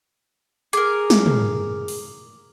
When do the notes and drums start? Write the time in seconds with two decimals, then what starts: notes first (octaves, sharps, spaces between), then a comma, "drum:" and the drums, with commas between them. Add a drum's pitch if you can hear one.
0.73 G#4 A#4 D6, drum: hi-hat
1.10 drum: snare
1.26 drum: tom
1.88 drum: open hi-hat